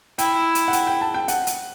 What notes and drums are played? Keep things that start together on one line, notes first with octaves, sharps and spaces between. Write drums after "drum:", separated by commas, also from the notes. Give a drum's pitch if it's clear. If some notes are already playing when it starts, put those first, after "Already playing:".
E4 G5, drum: hi-hat
drum: hi-hat
F#5
G5, drum: hi-hat
G5
A5
G5
F#5, drum: hi-hat
drum: hi-hat